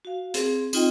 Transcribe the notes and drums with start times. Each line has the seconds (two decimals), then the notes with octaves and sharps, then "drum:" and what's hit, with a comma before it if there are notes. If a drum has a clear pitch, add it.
0.05 F#4 F5
0.34 C4 G#4, drum: hi-hat
0.73 C4 D#4 F4 D#5 G5, drum: tambourine